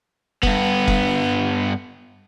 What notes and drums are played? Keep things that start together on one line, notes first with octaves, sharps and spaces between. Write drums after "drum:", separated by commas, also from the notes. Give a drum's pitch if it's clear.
G2 B3, drum: kick F#1
drum: kick F#1